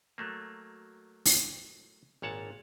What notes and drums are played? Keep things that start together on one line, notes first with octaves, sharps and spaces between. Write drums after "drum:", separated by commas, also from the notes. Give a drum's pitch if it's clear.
F#3 A3 A#3
drum: open hi-hat
G#1 A#2 C#5 F#5 A5